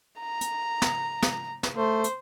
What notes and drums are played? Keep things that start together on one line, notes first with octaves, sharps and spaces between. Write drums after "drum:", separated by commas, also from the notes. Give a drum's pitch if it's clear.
A#5
drum: hi-hat
drum: snare
drum: snare
drum: snare
A3 C5
drum: hi-hat